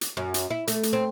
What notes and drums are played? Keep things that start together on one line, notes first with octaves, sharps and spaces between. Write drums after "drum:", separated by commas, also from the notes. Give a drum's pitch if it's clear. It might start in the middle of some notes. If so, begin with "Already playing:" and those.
drum: hi-hat
F#2
drum: hi-hat
E4
A3, drum: hi-hat
drum: hi-hat
C4